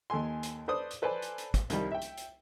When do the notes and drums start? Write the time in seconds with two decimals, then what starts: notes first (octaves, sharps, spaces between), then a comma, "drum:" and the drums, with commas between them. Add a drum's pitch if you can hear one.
0.10 D#2 A4 G#5 C6
0.43 drum: hi-hat
0.68 A4 B4 C5 D5 D#6
0.91 drum: hi-hat
1.02 A4 B4 C5 D5 G#5 A5
1.22 drum: hi-hat
1.38 drum: hi-hat
1.54 drum: kick, hi-hat
1.70 C2 D#3 G3, drum: hi-hat
1.92 E5 G5
2.02 drum: hi-hat
2.17 drum: hi-hat